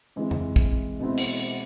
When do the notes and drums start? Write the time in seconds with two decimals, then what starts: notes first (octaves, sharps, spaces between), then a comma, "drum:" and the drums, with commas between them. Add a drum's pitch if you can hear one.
0.16 C3 E3 G#3
0.31 drum: tom F2
0.56 drum: kick
1.00 B2 G#3 C4 E4
1.18 drum: cymbal